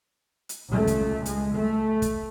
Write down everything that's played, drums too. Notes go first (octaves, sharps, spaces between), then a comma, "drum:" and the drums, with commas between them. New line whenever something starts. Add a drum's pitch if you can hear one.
drum: hi-hat
C#2 A3
drum: kick, hi-hat
G#3, drum: hi-hat
A3
drum: kick, hi-hat